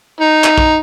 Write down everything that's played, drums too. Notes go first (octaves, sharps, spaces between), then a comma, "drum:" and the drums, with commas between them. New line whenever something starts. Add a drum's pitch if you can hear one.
D#4
drum: clap
drum: kick A#1